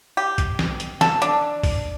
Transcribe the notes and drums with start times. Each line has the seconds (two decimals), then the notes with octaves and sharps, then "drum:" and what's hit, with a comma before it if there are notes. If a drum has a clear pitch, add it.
0.17 G4
0.38 drum: kick, hi-hat
0.59 drum: snare
0.80 drum: hi-hat
1.01 A4, drum: snare
1.22 D4, drum: hi-hat
1.63 drum: kick, open hi-hat